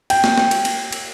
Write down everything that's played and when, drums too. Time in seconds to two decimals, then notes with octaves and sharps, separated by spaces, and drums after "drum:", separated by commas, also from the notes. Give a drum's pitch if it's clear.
0.10 G5, drum: cymbal
0.24 drum: snare
0.38 drum: snare
0.51 drum: cymbal
0.65 drum: cymbal
0.92 drum: cymbal